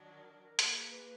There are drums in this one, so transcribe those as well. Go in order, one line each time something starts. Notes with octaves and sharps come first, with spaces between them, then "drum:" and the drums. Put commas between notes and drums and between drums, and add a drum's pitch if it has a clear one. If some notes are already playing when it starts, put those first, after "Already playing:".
Already playing: D#3 F#3 D4
A#4
A#4
A#3 F4 G#4 A#4, drum: hi-hat
B4
B4